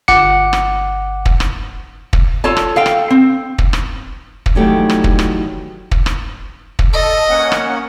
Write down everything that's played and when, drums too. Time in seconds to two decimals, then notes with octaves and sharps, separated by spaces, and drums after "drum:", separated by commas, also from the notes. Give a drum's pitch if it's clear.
0.08 G1 F#5 D6 C#7
0.53 drum: rim click
1.26 drum: kick
1.40 drum: rim click
2.13 drum: kick
2.44 F4 A4 C#5 A5
2.57 drum: rim click
2.76 A4 F5 G5
2.86 drum: rim click
3.10 C4
3.58 drum: kick
3.73 drum: rim click
4.46 drum: kick
4.55 D#3 E3 F#3 G3 A3 G4
4.90 drum: rim click
5.04 drum: kick
5.19 drum: rim click
5.91 drum: kick
6.06 drum: rim click
6.79 drum: kick
6.93 A4 D#5
7.29 A#3 C#4 F#5
7.52 drum: rim click